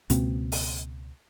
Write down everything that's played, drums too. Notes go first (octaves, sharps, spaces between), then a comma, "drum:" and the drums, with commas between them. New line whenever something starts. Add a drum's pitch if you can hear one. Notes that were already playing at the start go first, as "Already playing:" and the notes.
C#2 B2 A#3 C4, drum: hi-hat
drum: open hi-hat